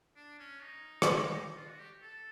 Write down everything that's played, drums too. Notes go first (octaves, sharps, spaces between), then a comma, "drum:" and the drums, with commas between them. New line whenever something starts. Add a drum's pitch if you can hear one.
D4
C#4
D#4
drum: rim click
F4
F#4
G4
A4